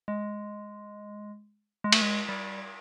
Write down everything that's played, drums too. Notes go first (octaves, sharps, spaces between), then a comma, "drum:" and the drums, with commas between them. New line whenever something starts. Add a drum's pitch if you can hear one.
G#3
G#3
A3, drum: cymbal
G#3
G3